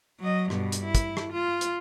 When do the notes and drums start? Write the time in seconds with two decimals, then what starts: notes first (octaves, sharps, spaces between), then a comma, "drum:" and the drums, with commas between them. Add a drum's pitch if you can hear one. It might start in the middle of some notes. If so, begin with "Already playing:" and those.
0.20 F#3 D#5
0.50 G2 B2, drum: rim click
0.72 drum: hi-hat
0.84 E4
0.95 drum: kick, hi-hat
1.17 drum: rim click
1.33 F4
1.61 drum: hi-hat